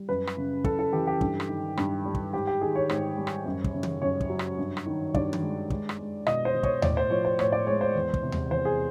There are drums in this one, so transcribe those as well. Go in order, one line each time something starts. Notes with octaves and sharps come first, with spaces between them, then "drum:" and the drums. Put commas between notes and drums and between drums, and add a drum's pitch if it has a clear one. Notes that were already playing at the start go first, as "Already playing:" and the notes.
Already playing: G3
F#2 B4
drum: rim click
C#3
F#2 A4, drum: kick
A4
E3 G4
G4
G2, drum: kick
drum: rim click
D#3
G2, drum: rim click
G3
drum: kick
G#2 G4
G4
D#3 G#4
C#5
G#2, drum: rim click
G3
drum: rim click
F#2
drum: kick
C#3
drum: tom
F#2 C#5
drum: kick
F#3
drum: rim click
G2
drum: rim click
D#3
G2 D5, drum: kick
drum: tom
G#3
G#3, drum: kick
drum: rim click
G#3
B2 D#5, drum: rim click
C5
B2
C#5, drum: kick
A2 D5, drum: tom D#2
C5
F3 C#5
C5
A2 C#5, drum: rim click
D5
G#3 C#5
C5
E2
drum: kick
C3
drum: tom D#2
E2 C5
G#4